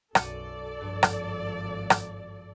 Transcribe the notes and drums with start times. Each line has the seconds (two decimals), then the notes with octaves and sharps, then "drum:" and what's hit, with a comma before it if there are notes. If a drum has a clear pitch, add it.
0.15 B1 F#2 A4 D5 C#7 D#7, drum: rim click
0.81 G#1 G2 F3
1.03 drum: rim click
1.90 drum: rim click